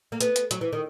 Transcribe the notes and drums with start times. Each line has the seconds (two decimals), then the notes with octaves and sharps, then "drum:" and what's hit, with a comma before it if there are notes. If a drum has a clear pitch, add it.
0.12 A#3
0.21 B3, drum: hi-hat
0.36 drum: hi-hat
0.51 F#3, drum: hi-hat
0.61 E3
0.73 D#3